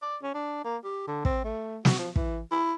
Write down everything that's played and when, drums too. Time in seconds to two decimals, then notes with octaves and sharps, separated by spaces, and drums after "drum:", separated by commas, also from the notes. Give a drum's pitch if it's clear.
0.02 D5
0.22 C#4
0.34 D4
0.65 A#3
0.84 G4
1.07 D3
1.25 C4, drum: kick
1.44 A3
1.85 F#4, drum: snare
1.99 F3
2.16 E3, drum: kick
2.51 E4